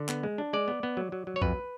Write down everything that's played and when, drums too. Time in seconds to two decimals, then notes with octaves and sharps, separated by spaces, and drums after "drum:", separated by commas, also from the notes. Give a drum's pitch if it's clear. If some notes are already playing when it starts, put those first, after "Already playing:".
Already playing: D3
0.09 B3, drum: clap
0.23 G#3
0.38 D4
0.53 G#3 D5
0.68 B3
0.83 B3
0.97 F#3
1.12 F#3
1.27 F#3
1.36 C#5
1.42 F2 B4, drum: kick B1